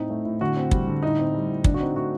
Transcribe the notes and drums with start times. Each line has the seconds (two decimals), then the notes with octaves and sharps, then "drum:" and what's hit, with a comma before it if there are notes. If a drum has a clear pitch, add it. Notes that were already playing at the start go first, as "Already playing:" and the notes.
Already playing: A2 C4 D#4
0.10 A3
0.25 A2
0.41 D3 F#4
0.56 C4
0.71 G3, drum: kick
0.87 D3
1.03 A2 D#4
1.19 C4
1.35 G3
1.49 A2
1.64 D3 D4, drum: kick
1.74 F#4
1.80 C4 D#4
1.96 A3 F#4